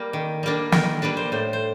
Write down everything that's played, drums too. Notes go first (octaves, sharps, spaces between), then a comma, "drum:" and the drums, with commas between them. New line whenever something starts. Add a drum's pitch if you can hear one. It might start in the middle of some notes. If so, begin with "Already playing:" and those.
Already playing: G3 A#3
D#3
G3 A#3 D4
D#3 A#4, drum: snare
G3 A#3 D4 B4
C5
A2 C5
C5